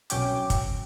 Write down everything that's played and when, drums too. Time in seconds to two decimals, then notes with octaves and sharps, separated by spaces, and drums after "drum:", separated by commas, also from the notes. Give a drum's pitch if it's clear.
0.10 C2 B2 F#3 C#4 G5 D6, drum: hi-hat
0.50 drum: kick, hi-hat